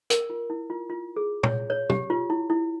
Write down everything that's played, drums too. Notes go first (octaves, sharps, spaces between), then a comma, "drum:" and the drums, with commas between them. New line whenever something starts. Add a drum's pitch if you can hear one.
A#4, drum: hi-hat
F4
E4
F4
F4
G#4
C#5, drum: tom A#2
C#5
G4, drum: tom
F4
E4
E4